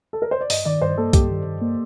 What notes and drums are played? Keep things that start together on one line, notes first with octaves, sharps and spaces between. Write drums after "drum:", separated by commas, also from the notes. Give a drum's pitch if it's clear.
A4
A#4
C5
D5
G2 D#5, drum: open hi-hat
D#3 D5
G2 C5
A#3 A4
G2 G4, drum: kick B1, hi-hat
D#3
G2
A#3